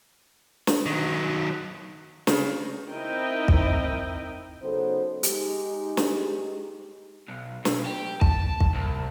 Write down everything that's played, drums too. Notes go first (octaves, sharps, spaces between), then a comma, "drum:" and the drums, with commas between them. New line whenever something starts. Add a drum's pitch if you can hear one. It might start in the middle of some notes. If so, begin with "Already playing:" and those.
drum: snare
D#3 F#3
C#3, drum: snare
C4 D#4 E4 A#4 D#5 G5
drum: kick
C#3 F#3 B3 D#4 A4 C5
G#3 D#4 G4, drum: hi-hat
drum: snare
B1
B1, drum: snare
G4
A5, drum: kick
drum: kick
C2